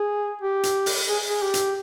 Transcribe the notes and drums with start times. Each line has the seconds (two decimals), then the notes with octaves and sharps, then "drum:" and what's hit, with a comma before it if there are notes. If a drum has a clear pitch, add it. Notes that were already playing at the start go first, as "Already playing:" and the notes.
Already playing: G#4
0.42 G4
0.63 drum: hi-hat
0.86 drum: open hi-hat
1.09 G#4
1.28 G#4
1.42 G4
1.54 drum: hi-hat